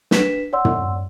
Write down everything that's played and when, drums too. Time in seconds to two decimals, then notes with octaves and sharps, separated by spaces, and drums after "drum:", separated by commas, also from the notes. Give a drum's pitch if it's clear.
0.11 D4 B4 B6 E7, drum: snare
0.53 C#5 D5 F#5 C6 E6
0.65 drum: tom